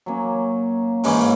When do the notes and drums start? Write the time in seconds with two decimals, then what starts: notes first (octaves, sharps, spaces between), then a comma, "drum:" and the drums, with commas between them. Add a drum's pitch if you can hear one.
0.06 F#3 A#3 C#4
1.04 G#2 E3 A#3 C#4, drum: open hi-hat